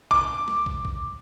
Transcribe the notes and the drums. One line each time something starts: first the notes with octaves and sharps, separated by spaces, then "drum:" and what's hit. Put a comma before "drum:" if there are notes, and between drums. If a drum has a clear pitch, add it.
D6, drum: kick
drum: snare
drum: kick
drum: kick